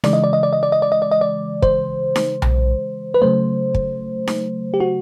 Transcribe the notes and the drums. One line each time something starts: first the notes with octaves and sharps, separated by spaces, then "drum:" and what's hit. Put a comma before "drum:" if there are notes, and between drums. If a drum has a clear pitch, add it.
C#3 E3 G#3 D5, drum: snare D#4
D#5
D5
D#5
D5
D#5
D5
D#5
D5
D#5
D5
D#5
D5
C5, drum: kick
drum: snare D#4
drum: tom B1
B4
C#3 F#3 A3 C5
drum: kick
drum: snare D#4
G4
F#4